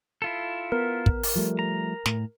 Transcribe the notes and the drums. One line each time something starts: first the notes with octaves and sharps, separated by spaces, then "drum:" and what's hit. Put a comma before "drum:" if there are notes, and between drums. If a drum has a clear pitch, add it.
E4 F4 A4
B3 A#4
drum: kick
drum: open hi-hat
F3 G3 A3
A#5
A2, drum: snare